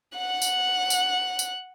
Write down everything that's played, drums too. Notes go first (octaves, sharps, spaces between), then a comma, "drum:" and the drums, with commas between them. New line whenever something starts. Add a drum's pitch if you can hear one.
F#5 F#6
drum: tambourine
drum: tambourine
drum: tambourine